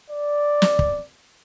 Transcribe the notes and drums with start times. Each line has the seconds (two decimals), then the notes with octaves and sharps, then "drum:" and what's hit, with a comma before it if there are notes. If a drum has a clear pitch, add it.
0.10 D5
0.62 drum: snare
0.79 drum: kick